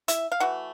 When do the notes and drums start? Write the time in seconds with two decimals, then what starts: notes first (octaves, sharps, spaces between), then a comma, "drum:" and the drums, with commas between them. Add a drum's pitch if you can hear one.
0.08 E4 E5, drum: hi-hat
0.32 F5
0.40 E3 A3 F#4 F#5